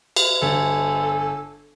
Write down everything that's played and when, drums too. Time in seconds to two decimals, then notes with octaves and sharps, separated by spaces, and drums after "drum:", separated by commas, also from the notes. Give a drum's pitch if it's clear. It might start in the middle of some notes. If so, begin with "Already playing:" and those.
0.16 drum: cymbal
0.42 G1 A4 G#5